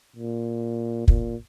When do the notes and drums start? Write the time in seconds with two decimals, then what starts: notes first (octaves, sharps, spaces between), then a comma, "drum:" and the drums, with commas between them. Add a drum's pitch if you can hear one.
0.16 A#2
1.08 A#2, drum: kick